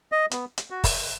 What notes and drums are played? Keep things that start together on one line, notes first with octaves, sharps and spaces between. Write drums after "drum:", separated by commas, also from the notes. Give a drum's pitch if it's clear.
D#5
B3, drum: hi-hat
drum: hi-hat
F#4
drum: kick, open hi-hat